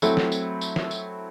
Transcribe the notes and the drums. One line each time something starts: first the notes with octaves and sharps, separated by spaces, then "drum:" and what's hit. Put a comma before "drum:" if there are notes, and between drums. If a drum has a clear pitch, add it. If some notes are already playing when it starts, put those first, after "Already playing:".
F#3 A3 C4 E4 A4, drum: tambourine
drum: snare
drum: tambourine
drum: tambourine
drum: snare
drum: tambourine